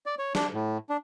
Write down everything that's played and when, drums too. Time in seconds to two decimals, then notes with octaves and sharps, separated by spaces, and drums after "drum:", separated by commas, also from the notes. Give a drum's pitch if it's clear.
0.06 D5
0.19 C#5
0.35 D4, drum: snare
0.54 A2
0.90 D4